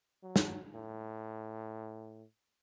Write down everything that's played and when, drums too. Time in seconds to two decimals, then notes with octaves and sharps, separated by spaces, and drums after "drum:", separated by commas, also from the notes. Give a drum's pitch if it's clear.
0.23 F#3
0.36 drum: snare
0.75 A2